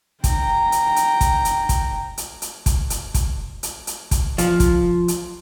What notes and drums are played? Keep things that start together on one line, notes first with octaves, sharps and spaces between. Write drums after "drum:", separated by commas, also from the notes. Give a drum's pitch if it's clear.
G5 A#5, drum: kick, hi-hat
drum: hi-hat
drum: hi-hat
drum: kick, hi-hat
drum: hi-hat
drum: kick, hi-hat
drum: hi-hat
drum: hi-hat
drum: kick, hi-hat
drum: hi-hat
drum: kick, hi-hat
drum: hi-hat
drum: hi-hat
drum: kick, hi-hat
F3, drum: hi-hat
drum: kick, hi-hat
drum: hi-hat